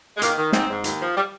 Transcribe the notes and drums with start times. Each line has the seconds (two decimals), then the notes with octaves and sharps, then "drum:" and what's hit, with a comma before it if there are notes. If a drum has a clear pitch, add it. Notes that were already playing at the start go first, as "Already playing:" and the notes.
0.17 G#3
0.22 D#3 A#3, drum: hi-hat
0.37 D#3
0.53 G#2 C4, drum: snare
0.69 G#2
0.84 D#2, drum: hi-hat
1.00 F3
1.16 G3